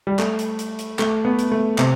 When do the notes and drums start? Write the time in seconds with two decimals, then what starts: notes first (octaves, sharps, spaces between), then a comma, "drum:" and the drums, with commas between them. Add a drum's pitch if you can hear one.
0.07 G3
0.19 A3, drum: clap
0.39 drum: hi-hat
0.59 drum: hi-hat
0.79 drum: hi-hat
0.99 A3, drum: clap
1.25 B3
1.38 drum: hi-hat
1.52 A3
1.78 C3, drum: clap